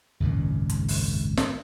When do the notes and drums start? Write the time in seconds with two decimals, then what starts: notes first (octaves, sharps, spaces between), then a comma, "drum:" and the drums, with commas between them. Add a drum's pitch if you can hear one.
0.20 G#1 C#2 F#2 A#2
0.70 drum: hi-hat
0.88 drum: open hi-hat
1.37 drum: snare